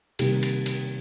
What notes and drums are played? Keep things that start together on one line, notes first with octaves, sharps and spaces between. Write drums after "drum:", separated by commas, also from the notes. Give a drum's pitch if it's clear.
C3 D#3 G3 A#3 G4, drum: cymbal
drum: cymbal
drum: cymbal